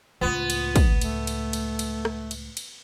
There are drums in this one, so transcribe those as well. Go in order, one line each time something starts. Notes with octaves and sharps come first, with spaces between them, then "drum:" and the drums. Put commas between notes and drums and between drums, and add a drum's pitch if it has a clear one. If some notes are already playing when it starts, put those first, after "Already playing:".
C#2 A2 B3 F4
drum: cymbal
drum: kick, cymbal
A3, drum: cymbal
drum: cymbal
drum: cymbal
drum: cymbal
drum: rim click
drum: cymbal
drum: cymbal